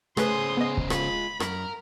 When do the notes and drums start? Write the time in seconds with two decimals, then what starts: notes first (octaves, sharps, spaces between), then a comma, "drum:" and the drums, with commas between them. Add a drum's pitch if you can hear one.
0.17 C#3 A3 G#4 B4 C5 C6 D#6, drum: rim click
0.57 B3 D#5
0.77 drum: kick
0.90 G#3 F4 B5, drum: rim click
1.40 F#2 A#4, drum: rim click